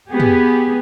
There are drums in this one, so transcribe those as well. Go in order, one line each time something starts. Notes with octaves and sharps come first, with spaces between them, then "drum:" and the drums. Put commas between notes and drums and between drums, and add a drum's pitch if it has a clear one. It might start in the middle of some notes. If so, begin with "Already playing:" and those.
B3 G4 G#4
drum: tom